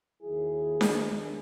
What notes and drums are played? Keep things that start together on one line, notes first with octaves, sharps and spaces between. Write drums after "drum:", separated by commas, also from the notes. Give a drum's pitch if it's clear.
D#2 D#3 F#3 E4 G#4
drum: snare D4
E2 D#3